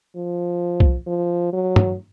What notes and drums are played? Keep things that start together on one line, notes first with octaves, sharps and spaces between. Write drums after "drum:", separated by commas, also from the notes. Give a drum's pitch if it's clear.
F3
drum: kick
F3
F#3
drum: tom